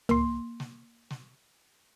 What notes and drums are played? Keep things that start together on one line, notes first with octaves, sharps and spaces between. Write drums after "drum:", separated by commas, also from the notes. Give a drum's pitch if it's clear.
A#3 C6, drum: tom
drum: snare
drum: snare